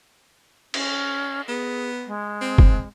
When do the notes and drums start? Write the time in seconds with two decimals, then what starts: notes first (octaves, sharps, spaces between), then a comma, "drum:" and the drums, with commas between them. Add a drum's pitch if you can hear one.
0.74 C#4, drum: cymbal
1.48 B3 G#4
2.07 G#3
2.41 C4
2.58 drum: kick